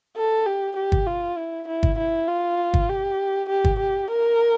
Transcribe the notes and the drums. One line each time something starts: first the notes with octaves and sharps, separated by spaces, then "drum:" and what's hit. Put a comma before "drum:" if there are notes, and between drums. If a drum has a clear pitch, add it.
A4
G4
G4
drum: kick
F4
E4
E4
drum: kick
E4
F4
drum: kick
G4
G4
drum: kick
G4
A#4